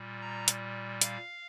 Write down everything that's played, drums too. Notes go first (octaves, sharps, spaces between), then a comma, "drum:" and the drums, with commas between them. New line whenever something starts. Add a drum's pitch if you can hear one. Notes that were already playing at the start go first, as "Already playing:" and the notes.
Already playing: A#2 G3
A#5
drum: hi-hat
F5, drum: hi-hat